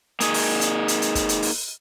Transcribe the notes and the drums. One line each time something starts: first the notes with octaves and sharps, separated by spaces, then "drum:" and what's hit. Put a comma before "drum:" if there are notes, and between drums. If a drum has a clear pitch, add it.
A#3 D#4 G#4, drum: hi-hat
drum: open hi-hat
drum: hi-hat
drum: hi-hat
drum: hi-hat
drum: kick, hi-hat
drum: hi-hat
drum: open hi-hat